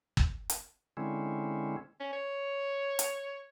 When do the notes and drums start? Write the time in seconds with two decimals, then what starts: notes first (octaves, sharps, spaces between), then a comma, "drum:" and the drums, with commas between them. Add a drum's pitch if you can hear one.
0.17 drum: kick G1
0.50 drum: hi-hat
0.97 D3 G#3 C4 C#4 E4
2.00 C#4
2.13 C#5
2.99 drum: hi-hat